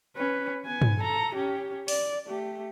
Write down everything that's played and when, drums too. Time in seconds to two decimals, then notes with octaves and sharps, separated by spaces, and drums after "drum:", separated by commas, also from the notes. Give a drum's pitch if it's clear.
0.16 C#4 B4
0.65 B3 G#5
0.82 drum: tom
0.99 A4 A#5
1.34 C#4 G4
1.88 D5, drum: open hi-hat
2.27 A3 G4